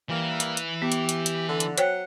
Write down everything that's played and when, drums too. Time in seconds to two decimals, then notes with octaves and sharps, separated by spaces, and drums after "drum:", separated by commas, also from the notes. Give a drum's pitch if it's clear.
0.09 E3 G3 A#3
0.40 drum: hi-hat
0.57 drum: hi-hat
0.82 B3 G4
0.92 drum: hi-hat
1.09 drum: hi-hat
1.26 drum: hi-hat
1.48 D3
1.60 drum: hi-hat
1.78 F#3 C5 C#5 F#5 G5, drum: hi-hat